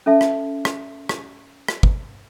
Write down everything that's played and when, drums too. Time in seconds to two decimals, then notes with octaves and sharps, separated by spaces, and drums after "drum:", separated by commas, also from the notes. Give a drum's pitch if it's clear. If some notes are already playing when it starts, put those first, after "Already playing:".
0.06 C#4 A4 E5 A5
0.21 drum: rim click
0.65 drum: rim click
1.09 drum: rim click
1.68 drum: rim click
1.83 drum: kick